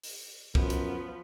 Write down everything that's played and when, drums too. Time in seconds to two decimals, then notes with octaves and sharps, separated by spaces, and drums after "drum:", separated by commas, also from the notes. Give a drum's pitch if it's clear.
0.04 drum: open hi-hat
0.55 F#2 F3 B3, drum: kick C2
0.70 drum: hi-hat